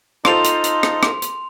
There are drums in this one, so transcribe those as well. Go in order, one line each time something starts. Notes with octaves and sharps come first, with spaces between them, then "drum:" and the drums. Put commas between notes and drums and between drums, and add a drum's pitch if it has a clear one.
D#4 F4 A4 C5 C6 F7, drum: rim click
drum: hi-hat
drum: hi-hat
drum: rim click
drum: rim click
drum: hi-hat